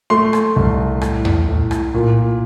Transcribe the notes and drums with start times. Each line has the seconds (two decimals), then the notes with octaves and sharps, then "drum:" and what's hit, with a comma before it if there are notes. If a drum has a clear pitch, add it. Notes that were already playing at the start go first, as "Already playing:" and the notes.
0.10 A3 C6
0.33 drum: rim click
0.56 C2
1.01 A2, drum: rim click
1.25 drum: tom D#2
1.48 A2
1.71 drum: rim click
1.94 A#2